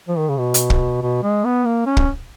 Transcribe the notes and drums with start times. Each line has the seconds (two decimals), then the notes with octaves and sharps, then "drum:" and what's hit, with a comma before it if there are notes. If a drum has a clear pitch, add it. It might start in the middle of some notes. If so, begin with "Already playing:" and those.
0.08 F3
0.18 D#3
0.29 C#3
0.38 B2
0.54 drum: hi-hat
0.70 drum: kick
1.02 B2
1.23 G#3
1.44 B3
1.65 A#3
1.86 C#4
1.97 drum: kick